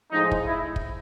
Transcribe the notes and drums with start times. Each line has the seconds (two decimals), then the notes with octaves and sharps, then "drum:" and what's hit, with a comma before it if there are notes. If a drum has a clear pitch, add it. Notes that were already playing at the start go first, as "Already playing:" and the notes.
0.12 A2 F3 G#3 D#4
0.31 drum: kick
0.46 E4
0.76 drum: kick